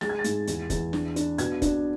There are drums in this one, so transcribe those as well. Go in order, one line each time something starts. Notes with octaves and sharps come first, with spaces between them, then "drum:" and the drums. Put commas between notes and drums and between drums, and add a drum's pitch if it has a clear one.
G#3 A6, drum: snare
G#6
A6
G#2, drum: hi-hat
E2, drum: hi-hat
E2, drum: kick, hi-hat
D4, drum: snare
D4, drum: hi-hat
B2 G#6, drum: hi-hat
D4, drum: kick, hi-hat